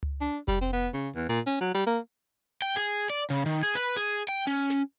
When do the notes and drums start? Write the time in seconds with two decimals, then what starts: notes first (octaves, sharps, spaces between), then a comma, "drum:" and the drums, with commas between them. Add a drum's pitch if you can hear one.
0.03 drum: tom C#2
0.21 D4
0.48 G3, drum: kick F1
0.61 C4
0.72 B3
0.93 C#3
1.15 E2
1.29 A#2
1.46 C#4
1.60 F#3
1.74 G3
1.87 A#3
2.62 G5
2.76 G#4
3.10 D5
3.30 C#3
3.46 D#3, drum: hi-hat
3.63 G#4
3.75 B4
3.96 G#4
4.29 G5
4.47 C#4
4.70 drum: snare